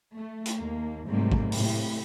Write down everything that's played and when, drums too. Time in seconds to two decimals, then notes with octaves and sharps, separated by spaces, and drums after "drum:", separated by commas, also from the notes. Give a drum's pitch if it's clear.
0.16 A3
0.46 drum: hi-hat
0.56 D#2 A#3
1.07 G#2 C3 F#3 G3 A3 A#3
1.32 drum: kick A1
1.52 A2 C3, drum: open hi-hat